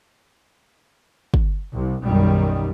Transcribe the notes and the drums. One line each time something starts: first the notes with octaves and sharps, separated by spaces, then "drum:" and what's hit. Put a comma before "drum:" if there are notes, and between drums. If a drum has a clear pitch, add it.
drum: kick
C2
B1 F#2 D#3 G3